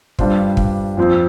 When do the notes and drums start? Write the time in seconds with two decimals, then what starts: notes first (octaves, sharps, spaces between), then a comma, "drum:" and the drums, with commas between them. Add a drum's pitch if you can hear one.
0.19 G2 G3 D4 F4 C5, drum: kick
0.57 drum: kick
0.97 F2 F3 C4 F4